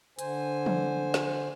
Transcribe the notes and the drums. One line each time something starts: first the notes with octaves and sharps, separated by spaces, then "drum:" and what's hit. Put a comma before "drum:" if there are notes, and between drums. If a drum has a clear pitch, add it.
D3 C5 G#5, drum: hi-hat
drum: tom E3
drum: snare